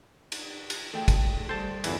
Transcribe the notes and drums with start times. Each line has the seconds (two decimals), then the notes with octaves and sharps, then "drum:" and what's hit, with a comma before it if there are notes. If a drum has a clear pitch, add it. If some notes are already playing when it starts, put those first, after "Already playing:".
0.32 drum: cymbal
0.70 drum: cymbal
0.94 D2 G#4 A4 G5
1.08 drum: kick, cymbal
1.49 G3 A4 C5 A5
1.84 G1 E2 E3, drum: cymbal